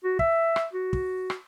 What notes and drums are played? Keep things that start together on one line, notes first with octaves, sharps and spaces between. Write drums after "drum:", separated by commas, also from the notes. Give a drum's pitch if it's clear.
F#4
E5, drum: kick
drum: rim click
F#4
drum: kick
drum: rim click